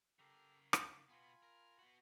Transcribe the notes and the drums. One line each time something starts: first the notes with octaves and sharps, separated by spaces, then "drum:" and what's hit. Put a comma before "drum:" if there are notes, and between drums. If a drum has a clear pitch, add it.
C#3 G4 A4 A#4
drum: rim click
F5 D6
B2 B3 F4 G#5 B5
A#4
B3 F#4